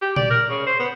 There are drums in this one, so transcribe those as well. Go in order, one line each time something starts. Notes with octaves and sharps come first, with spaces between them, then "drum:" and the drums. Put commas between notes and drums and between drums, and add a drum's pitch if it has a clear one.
G4
D5, drum: tom A#2
A#4
C#3
C5
B3